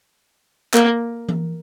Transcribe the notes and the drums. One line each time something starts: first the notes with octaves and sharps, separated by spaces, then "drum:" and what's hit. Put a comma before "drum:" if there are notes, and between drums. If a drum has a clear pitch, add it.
A#3, drum: clap
drum: tom E3